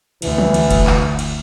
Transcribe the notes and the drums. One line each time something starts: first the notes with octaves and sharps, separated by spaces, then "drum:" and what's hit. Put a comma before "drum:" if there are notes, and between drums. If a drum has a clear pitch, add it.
D2 E3, drum: cymbal
drum: tom
drum: cymbal
drum: kick F1, cymbal
drum: clap
drum: cymbal